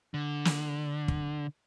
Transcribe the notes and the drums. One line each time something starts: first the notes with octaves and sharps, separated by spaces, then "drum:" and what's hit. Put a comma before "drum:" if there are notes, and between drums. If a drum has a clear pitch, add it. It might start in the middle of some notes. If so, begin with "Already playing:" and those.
D3
drum: snare
drum: kick